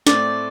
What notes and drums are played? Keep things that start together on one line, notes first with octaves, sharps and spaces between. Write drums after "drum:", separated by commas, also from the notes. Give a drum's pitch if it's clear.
A2 A3 C4 D5, drum: snare